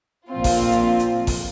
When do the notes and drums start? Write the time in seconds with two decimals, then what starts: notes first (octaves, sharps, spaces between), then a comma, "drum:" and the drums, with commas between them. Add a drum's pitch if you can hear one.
0.30 A#1 A#2 F3 C4 F4
0.44 drum: kick G#1, open hi-hat
0.72 drum: hi-hat
1.00 drum: hi-hat
1.27 drum: kick G#1, open hi-hat